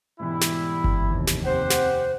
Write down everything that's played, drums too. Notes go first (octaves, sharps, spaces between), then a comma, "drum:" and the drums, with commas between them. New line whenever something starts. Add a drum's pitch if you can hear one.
G#2 B2 E3 G3 E4
drum: snare
drum: kick G1
F1 D#2
drum: snare
C4 G4 C5 F#5
drum: snare